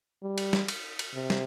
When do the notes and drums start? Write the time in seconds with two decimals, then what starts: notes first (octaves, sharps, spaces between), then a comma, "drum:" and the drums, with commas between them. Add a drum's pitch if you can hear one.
0.23 G3
0.38 drum: cymbal
0.53 drum: snare
0.68 drum: cymbal
0.99 drum: cymbal
1.14 C3
1.30 drum: snare